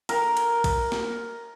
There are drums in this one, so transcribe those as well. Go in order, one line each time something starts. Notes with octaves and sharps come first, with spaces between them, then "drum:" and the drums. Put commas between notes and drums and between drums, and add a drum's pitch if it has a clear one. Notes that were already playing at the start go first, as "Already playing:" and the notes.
A#4, drum: cymbal
drum: cymbal
drum: kick, cymbal
drum: snare